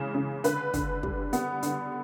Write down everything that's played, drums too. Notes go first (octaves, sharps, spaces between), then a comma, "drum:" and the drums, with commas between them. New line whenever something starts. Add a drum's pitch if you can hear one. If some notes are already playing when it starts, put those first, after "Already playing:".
Already playing: C#3 E3 G#3
C#3
D3 B4, drum: hi-hat
D3, drum: kick, hi-hat
G3, drum: kick
B3, drum: hi-hat
D3, drum: hi-hat